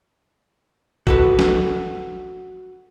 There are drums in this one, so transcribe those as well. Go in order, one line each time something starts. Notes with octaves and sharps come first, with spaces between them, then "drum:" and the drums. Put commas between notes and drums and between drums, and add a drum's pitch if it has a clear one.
F#4 A4 B4, drum: kick
drum: snare